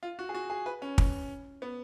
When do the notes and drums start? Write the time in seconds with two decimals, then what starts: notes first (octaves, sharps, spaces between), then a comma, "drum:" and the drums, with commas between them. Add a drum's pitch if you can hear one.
0.03 F4
0.19 F#4
0.29 G#4
0.34 F#4
0.50 G#4
0.66 B4
0.82 C#4
0.98 drum: kick
1.62 B3